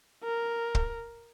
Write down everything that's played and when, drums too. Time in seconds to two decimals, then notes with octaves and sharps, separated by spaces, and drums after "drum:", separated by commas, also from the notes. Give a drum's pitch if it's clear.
0.24 A#4
0.75 drum: kick